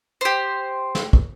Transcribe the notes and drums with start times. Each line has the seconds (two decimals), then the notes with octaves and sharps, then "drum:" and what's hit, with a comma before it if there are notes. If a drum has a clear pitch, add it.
0.21 G4 C5
0.95 drum: snare
1.13 drum: kick